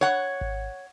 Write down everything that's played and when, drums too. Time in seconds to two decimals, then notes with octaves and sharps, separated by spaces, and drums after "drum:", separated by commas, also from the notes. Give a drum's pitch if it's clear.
0.01 C#5 F#5
0.41 drum: kick G#1